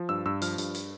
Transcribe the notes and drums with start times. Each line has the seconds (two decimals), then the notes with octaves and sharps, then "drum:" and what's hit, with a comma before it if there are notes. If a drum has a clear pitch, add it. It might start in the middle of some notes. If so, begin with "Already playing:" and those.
Already playing: F3
0.09 G2 E6
0.26 G2 E6
0.41 F3 F6, drum: hi-hat
0.58 G2, drum: hi-hat
0.74 drum: hi-hat